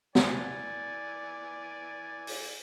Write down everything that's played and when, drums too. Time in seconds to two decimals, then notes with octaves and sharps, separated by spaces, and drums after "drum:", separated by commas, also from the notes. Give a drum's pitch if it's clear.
0.15 E3 D5 G#5, drum: snare
2.27 drum: open hi-hat